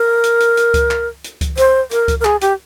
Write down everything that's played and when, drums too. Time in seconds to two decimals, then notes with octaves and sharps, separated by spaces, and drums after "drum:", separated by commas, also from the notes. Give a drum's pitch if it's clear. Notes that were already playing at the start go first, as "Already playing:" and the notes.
Already playing: A#4
0.24 drum: hi-hat
0.40 drum: hi-hat
0.57 drum: hi-hat
0.74 drum: kick C#2, hi-hat
0.91 drum: clap
1.24 drum: hi-hat
1.41 drum: kick C#2, hi-hat
1.57 C5, drum: hi-hat
1.91 A#4, drum: hi-hat
2.08 drum: kick C#2, hi-hat
2.20 A#4
2.25 G#4, drum: clap
2.41 G4, drum: hi-hat